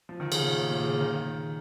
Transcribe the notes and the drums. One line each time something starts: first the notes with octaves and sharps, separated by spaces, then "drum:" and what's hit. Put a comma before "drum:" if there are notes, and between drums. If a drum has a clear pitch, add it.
F3
D#3
C#3, drum: cymbal
A#2
A#2
C#3
D#3